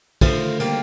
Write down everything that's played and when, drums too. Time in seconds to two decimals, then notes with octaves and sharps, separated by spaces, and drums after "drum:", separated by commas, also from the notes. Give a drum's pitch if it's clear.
0.21 D3 F3 A3, drum: kick, cymbal
0.34 D#3
0.45 D3
0.60 G3 A#3, drum: cymbal